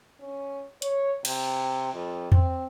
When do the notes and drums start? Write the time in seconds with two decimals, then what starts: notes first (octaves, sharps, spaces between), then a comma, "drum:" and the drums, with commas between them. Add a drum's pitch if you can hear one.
0.20 C#4
0.82 C#5, drum: hi-hat
1.25 C3, drum: cymbal
1.93 F2
2.32 C4, drum: tom E2